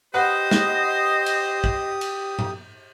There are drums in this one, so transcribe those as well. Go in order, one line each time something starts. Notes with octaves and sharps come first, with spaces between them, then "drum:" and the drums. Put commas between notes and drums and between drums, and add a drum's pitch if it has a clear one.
G4 B4 C5 D#5 F#5 D#6
drum: snare
drum: cymbal
drum: kick
drum: cymbal
drum: tom A2